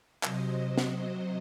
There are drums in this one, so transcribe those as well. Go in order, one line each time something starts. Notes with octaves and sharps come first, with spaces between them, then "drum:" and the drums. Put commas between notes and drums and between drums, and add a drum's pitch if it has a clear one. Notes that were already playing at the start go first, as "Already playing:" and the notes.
C3 F#3 C5 D#5, drum: clap
drum: snare